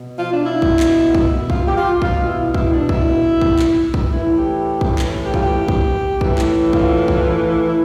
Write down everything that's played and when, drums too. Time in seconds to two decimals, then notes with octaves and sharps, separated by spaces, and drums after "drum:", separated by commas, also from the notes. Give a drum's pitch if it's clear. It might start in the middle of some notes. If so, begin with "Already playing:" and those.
Already playing: B2
0.18 F4
0.33 D4
0.45 E4
0.62 drum: kick
0.80 drum: clap
1.15 drum: kick
1.50 F4, drum: kick
1.67 G4
1.76 F4
2.02 B2 F4, drum: kick
2.28 E4
2.54 E4, drum: kick
2.72 D4
2.89 E4, drum: kick
3.41 drum: kick
3.59 drum: clap
3.94 drum: kick
4.11 A2 E3 E4
4.38 G4
4.81 drum: kick
4.99 drum: clap
5.25 G4
5.34 F4, drum: kick
5.43 G4
5.68 drum: kick
6.21 A2 E3, drum: kick
6.38 drum: clap
6.73 F4, drum: kick
7.08 drum: kick
7.67 E4